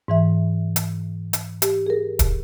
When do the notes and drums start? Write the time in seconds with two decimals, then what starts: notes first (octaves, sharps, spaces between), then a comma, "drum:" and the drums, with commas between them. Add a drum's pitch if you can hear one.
0.08 G#2 E3 E5
0.76 drum: hi-hat
1.33 drum: hi-hat
1.62 G4, drum: hi-hat
1.87 G#4 A#4
2.19 drum: kick, hi-hat